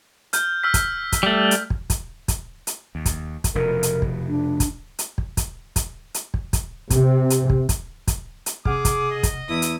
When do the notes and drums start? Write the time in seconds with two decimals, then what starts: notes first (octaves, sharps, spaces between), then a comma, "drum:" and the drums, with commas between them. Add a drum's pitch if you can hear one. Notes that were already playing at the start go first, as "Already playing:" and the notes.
0.33 F6 G6, drum: hi-hat
0.63 E6 F6 B6
0.74 drum: kick, hi-hat
1.12 drum: kick, hi-hat
1.23 G3 A3
1.51 drum: hi-hat
1.70 drum: kick
1.90 drum: kick, hi-hat
2.28 drum: kick, hi-hat
2.67 drum: hi-hat
2.95 D#2
3.06 drum: kick, hi-hat
3.44 drum: kick, hi-hat
3.55 F1 B2 A#4
3.83 drum: hi-hat
4.02 drum: kick
4.28 D4
4.60 drum: kick, hi-hat
4.99 drum: hi-hat
5.18 drum: kick
5.37 drum: kick, hi-hat
5.76 drum: kick, hi-hat
6.14 drum: hi-hat
6.34 drum: kick
6.53 drum: kick, hi-hat
6.90 C3, drum: kick, hi-hat
7.30 drum: hi-hat
7.50 drum: kick
7.69 drum: kick, hi-hat
8.08 drum: kick, hi-hat
8.46 drum: hi-hat
8.65 C3 G#4 F#5 D6 F6, drum: kick
8.85 drum: kick, hi-hat
9.11 D#5
9.23 drum: kick, hi-hat
9.49 E2 E4 D#6
9.62 drum: hi-hat